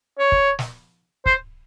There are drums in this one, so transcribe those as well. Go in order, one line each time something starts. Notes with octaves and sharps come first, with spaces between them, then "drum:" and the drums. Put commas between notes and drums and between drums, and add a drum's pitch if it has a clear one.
C#5
drum: kick
drum: snare
C5, drum: kick